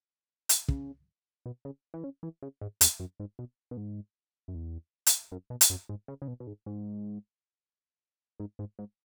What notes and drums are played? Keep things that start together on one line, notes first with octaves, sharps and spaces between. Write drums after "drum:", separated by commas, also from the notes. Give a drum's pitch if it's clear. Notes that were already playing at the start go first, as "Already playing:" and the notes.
drum: hi-hat
C#3, drum: kick
B2
C#3
E3
C#3
E3
C#3
G#2
E2, drum: hi-hat
F#2
G#2
B2
B2
G#2
F#2
E2
drum: hi-hat
F#2
B2
drum: hi-hat
F#2
G#2
C#3
C#3
B2
B2
G#2
G#2
G#2
G#2
G#2